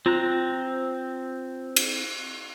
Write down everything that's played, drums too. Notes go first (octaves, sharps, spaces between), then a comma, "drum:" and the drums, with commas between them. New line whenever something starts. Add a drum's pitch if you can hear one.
C4 F4 A#5 F#6
drum: cymbal